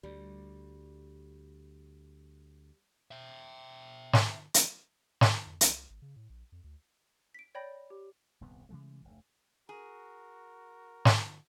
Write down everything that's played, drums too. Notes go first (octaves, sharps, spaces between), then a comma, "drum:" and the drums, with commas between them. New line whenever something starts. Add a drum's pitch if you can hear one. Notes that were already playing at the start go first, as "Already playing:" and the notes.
D2 G3
E5 G5
drum: snare
drum: hi-hat
drum: snare
F2
C2, drum: hi-hat
G#1
C#3
A2
A#1
F2
D2
B6 D7
C#5 D5 G5 B5 G6 A#6
G4
D#1 C2 G2 B3
C3 E3 G#3 A3
F1 D2 A3
F#4 G#4 A#4
drum: snare